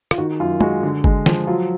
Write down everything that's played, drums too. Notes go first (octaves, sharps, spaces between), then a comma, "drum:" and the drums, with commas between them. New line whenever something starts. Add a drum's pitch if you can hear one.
F4, drum: rim click
D#3 F#4
F#2 F4
G#3 F#4, drum: tom
D3
G#3, drum: kick G1
F3, drum: snare
F#3 F4